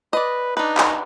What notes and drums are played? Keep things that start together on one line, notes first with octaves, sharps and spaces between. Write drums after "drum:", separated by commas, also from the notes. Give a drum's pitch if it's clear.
B4 D5 D#5
D4 D#4 B4
drum: clap